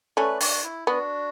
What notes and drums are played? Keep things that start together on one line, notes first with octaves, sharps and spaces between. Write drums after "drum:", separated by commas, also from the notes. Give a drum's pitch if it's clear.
A3 C#4 B4 D5
D4 F#4, drum: open hi-hat
E4
B3 D4 F#4